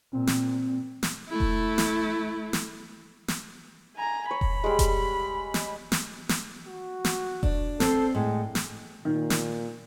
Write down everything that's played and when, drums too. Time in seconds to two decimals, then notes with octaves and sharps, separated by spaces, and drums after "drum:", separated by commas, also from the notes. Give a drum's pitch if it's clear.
0.13 A#2 C4
0.27 drum: snare
1.03 drum: snare
1.29 A3 E4
1.40 drum: kick E1
1.78 drum: snare
2.53 drum: snare
3.28 drum: snare
3.96 G#5 A#5
4.31 C#5 B5
4.41 drum: kick E1
4.64 G3 G#3
4.79 drum: kick E1, hi-hat
5.54 drum: snare
5.92 drum: snare
6.29 drum: snare
6.67 F#4
7.05 drum: snare
7.43 D4, drum: kick E1
7.80 C4 A4 C5, drum: snare
8.15 A2 G#3
8.55 drum: snare
9.05 A#2 D#3
9.30 drum: snare